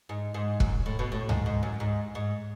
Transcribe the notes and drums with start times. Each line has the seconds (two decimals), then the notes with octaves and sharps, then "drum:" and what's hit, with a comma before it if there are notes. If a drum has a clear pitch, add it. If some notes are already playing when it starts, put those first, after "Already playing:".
0.09 G#2
0.34 G#2
0.60 F#2, drum: kick
0.86 A2
0.99 B2
1.12 A2
1.29 G#2, drum: tom C#2
1.46 G#2
1.63 F#2
1.80 G#2
2.15 G#2